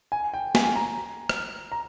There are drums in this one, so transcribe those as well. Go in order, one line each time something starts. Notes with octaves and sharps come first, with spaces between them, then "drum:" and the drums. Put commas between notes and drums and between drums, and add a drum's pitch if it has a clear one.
G#5
G5
G#5, drum: snare
A#5
drum: rim click
A#5